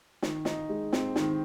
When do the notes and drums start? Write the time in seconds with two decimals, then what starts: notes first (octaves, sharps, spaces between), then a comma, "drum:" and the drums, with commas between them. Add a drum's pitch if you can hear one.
0.22 D#3, drum: snare
0.45 D#4, drum: snare
0.69 G#3
0.93 C4, drum: snare
1.16 D#3, drum: snare